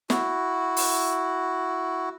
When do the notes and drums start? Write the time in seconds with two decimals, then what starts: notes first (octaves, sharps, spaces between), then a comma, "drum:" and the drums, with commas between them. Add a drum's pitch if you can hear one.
0.10 E4 F#4, drum: snare
0.77 drum: open hi-hat